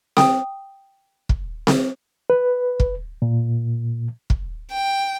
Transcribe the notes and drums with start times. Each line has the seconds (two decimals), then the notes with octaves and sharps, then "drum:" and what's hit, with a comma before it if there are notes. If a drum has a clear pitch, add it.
0.17 G5 D#6, drum: snare C4
1.29 drum: kick
1.67 drum: snare C4
2.30 B4
2.80 drum: kick
3.22 A#2
4.30 drum: kick
4.72 G5